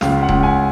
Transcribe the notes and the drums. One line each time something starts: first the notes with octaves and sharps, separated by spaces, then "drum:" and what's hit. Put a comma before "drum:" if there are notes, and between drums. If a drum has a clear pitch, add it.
C#2 F5, drum: snare
F#5
C#2, drum: kick D#1
G#5